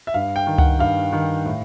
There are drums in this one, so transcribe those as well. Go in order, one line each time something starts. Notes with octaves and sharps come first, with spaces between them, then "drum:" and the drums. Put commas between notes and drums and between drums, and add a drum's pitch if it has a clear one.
E5
G2 F5
G5
D#3
F#5, drum: tom C#2
G2 F5
D#3
A2